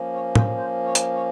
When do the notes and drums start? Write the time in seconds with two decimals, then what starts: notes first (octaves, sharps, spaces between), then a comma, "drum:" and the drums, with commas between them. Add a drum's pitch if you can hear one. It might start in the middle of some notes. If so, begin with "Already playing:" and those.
Already playing: F3 A#3 C#4
0.14 C#5
0.35 C5, drum: tom
0.57 C5
0.85 C#5
0.95 drum: hi-hat
1.13 C#5